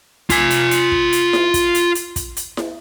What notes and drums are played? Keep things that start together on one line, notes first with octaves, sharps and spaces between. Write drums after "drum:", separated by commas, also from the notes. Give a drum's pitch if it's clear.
F4 G#5, drum: kick, hi-hat
drum: hi-hat
drum: hi-hat
drum: kick
drum: hi-hat
drum: snare E4
drum: kick, hi-hat
drum: hi-hat
drum: hi-hat
drum: kick, hi-hat
drum: hi-hat
drum: snare E4